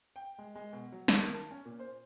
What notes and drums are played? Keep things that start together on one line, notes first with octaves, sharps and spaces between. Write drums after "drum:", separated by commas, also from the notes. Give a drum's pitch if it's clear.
G5
G#3
G#3
B2
F#3
A5, drum: snare
D#3
A5
C#4
A#2
C5